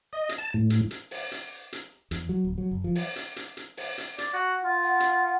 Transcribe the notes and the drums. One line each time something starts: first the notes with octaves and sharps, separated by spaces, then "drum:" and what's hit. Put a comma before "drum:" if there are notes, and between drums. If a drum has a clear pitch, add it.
D#5
drum: hi-hat
A5
A2
drum: hi-hat
drum: hi-hat
drum: open hi-hat
drum: hi-hat
drum: hi-hat
E2, drum: hi-hat
F#3
D1
F#3
F#1
F3
drum: open hi-hat
drum: hi-hat
drum: hi-hat
drum: hi-hat
drum: open hi-hat
drum: hi-hat
D5, drum: hi-hat
F#4 F#5
F4
F#5
drum: hi-hat